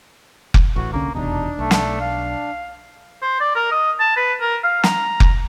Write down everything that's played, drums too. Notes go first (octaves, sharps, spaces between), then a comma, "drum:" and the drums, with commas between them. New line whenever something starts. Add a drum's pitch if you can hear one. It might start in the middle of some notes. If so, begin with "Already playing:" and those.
drum: kick F1
A1 F#4
C2 D3 A#3 C#4
F1 E2 B2 D4 D#4
B1 A3
drum: snare
F5
C5
D5
A#4
D#5
A5
B4
A#4
F5
A#5, drum: snare
drum: kick F1